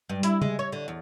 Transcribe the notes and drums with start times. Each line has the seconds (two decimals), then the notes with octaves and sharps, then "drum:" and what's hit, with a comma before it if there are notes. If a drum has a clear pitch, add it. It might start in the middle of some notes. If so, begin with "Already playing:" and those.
0.09 G2
0.23 E4, drum: hi-hat
0.42 G#3, drum: tom C#3
0.59 C#5
0.72 D3
0.88 E2